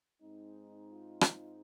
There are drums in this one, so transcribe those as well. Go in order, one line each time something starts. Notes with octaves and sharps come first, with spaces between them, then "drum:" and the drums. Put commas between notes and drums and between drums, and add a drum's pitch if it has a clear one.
G#2 G#3 C4 D#4
F4
drum: rim click